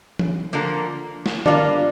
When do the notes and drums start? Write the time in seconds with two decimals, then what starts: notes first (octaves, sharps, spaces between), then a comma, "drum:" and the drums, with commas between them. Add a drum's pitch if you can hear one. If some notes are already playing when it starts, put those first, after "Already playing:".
0.19 drum: tom E3
0.53 D3 F3 A#3
1.26 drum: snare
1.46 G3 A#3 D4 F4, drum: tom D3